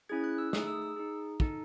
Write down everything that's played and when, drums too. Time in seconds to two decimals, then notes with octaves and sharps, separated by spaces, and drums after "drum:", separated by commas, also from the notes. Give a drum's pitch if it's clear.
0.09 C#4 E4 G#4 G#6
0.24 F#6
0.38 E6
0.53 A3 D#4 G#4 D#6, drum: snare
0.67 E6
0.82 E6
0.96 D#4 G#4
1.40 D#4 A4, drum: kick